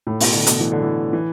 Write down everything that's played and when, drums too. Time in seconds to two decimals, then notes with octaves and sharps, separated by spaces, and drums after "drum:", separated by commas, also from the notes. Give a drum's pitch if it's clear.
0.07 A2
0.20 B2, drum: open hi-hat
0.33 D3
0.47 B2, drum: hi-hat
0.60 E3
0.72 D3
0.83 E3
1.13 E3